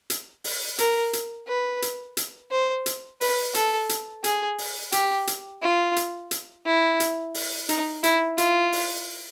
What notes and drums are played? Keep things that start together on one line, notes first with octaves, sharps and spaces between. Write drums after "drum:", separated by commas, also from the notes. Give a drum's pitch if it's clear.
drum: hi-hat
drum: open hi-hat
A#4, drum: hi-hat
drum: hi-hat
B4
drum: hi-hat
drum: hi-hat
C5
drum: hi-hat
B4, drum: open hi-hat
A4, drum: hi-hat
drum: hi-hat
G#4, drum: hi-hat
drum: open hi-hat
G4, drum: hi-hat
drum: hi-hat
F4
drum: hi-hat
drum: hi-hat
E4
drum: hi-hat
drum: open hi-hat
D#4, drum: hi-hat
E4, drum: hi-hat
F4, drum: hi-hat
drum: open hi-hat